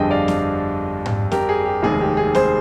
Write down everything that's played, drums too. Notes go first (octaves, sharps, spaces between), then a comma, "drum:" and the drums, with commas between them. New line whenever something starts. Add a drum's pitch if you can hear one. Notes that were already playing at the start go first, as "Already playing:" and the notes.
Already playing: G1 F2 D3 G3 D4 G#4 D#5 G5
D5 F5
drum: snare C4
drum: tom G#2
G4 A#4, drum: snare C4
G#4
G4
F1 D#2 D#3 G#3 G#4
G4
G#4
G#4 C5, drum: snare C4